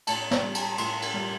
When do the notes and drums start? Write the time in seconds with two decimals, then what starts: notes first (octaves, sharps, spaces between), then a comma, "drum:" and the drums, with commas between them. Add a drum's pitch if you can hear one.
0.07 A2 A5, drum: cymbal
0.31 drum: snare
0.43 G3
0.55 drum: cymbal
0.78 A2 C6, drum: cymbal
1.02 drum: cymbal
1.14 G3